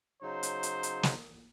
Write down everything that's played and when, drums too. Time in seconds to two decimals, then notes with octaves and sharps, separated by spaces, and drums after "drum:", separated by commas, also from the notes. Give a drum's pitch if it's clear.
0.23 C#3 F#3 D#4 C5
0.43 drum: hi-hat
0.63 drum: hi-hat
0.83 drum: hi-hat
1.03 drum: snare